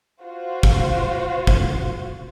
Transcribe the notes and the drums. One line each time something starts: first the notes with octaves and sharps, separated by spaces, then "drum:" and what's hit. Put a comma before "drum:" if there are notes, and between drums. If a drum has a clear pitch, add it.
F4 F#4 C5
drum: kick
drum: kick